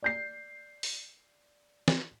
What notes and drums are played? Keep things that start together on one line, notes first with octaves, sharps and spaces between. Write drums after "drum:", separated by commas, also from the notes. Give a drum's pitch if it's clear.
D5 G6 C7
drum: open hi-hat
drum: snare